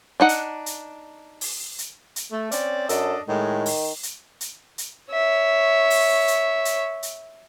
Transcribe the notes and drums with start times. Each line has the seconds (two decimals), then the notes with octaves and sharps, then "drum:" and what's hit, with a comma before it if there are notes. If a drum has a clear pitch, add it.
0.20 D4 D#4 F#5
0.29 drum: hi-hat
0.66 drum: hi-hat
1.41 drum: open hi-hat
1.78 drum: hi-hat
2.16 drum: hi-hat
2.31 A3
2.52 C4 C#4 D5, drum: hi-hat
2.89 F#2 D4 A4 D#5, drum: hi-hat
3.28 A2 D#3 G#3
3.66 drum: open hi-hat
4.03 drum: hi-hat
4.41 drum: hi-hat
4.78 drum: hi-hat
5.11 C#5 E5
5.90 drum: open hi-hat
6.28 drum: hi-hat
6.65 drum: hi-hat
7.03 drum: hi-hat